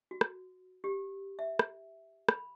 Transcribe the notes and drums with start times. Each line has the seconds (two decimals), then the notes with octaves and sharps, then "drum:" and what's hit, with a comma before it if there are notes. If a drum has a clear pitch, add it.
0.11 F#4
0.21 drum: rim click
0.84 G4
1.39 E5
1.59 drum: rim click
2.29 B5, drum: rim click